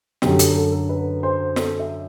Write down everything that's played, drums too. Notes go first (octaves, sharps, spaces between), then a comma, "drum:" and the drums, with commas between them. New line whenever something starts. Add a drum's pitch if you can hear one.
F#2 D3 F#3 G4, drum: snare
A4, drum: hi-hat
A4
A4
B4
C5
A4, drum: snare
E5